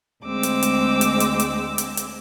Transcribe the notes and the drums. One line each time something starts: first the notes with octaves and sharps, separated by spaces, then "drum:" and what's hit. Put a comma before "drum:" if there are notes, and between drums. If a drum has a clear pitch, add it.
D2 G#3 C4 D6 E6
drum: hi-hat
drum: hi-hat
drum: hi-hat
drum: hi-hat
drum: hi-hat
drum: hi-hat
drum: hi-hat